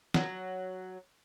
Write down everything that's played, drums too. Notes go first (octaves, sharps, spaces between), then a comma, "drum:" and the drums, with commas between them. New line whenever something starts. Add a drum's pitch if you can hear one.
F#3, drum: snare